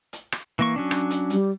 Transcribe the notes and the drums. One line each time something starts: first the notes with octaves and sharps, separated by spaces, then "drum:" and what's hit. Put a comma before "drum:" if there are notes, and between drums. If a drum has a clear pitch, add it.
drum: hi-hat
drum: rim click
E3 A#3 C#6
F#3 C#4 D4
drum: rim click
drum: hi-hat
G3, drum: hi-hat